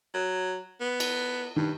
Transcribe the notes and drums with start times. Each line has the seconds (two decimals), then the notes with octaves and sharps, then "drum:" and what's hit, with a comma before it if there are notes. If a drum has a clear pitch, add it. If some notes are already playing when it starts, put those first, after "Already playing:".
0.14 F#3
0.80 B3
1.00 drum: cymbal
1.56 G2 D#3